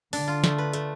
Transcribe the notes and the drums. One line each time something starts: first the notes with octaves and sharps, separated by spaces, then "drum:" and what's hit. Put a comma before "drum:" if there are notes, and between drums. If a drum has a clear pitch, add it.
D3 D4, drum: open hi-hat
F4
A3, drum: snare
B4
A3, drum: hi-hat